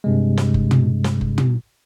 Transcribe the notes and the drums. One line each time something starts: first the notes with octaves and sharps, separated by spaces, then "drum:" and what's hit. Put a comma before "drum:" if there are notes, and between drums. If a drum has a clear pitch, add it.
G2 C3 G#3
drum: snare
drum: kick F#1
drum: tom
drum: snare
drum: kick F#1
drum: tom